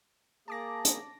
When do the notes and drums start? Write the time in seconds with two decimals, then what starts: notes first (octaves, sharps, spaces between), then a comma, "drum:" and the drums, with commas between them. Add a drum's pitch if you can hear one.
0.48 A#3 G#4 A5 D6 A#6
0.85 drum: hi-hat